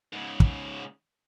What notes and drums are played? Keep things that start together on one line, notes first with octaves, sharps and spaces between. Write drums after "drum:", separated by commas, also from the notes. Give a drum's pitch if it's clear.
G#2 C#3
drum: kick